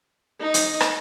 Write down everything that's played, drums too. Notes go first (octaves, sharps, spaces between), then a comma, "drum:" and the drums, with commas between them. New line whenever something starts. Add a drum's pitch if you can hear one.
D#4
drum: hi-hat
drum: rim click